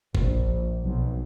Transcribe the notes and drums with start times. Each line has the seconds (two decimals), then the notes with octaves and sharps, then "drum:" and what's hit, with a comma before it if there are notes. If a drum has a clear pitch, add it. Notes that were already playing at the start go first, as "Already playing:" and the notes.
0.15 A#1, drum: kick
0.83 B1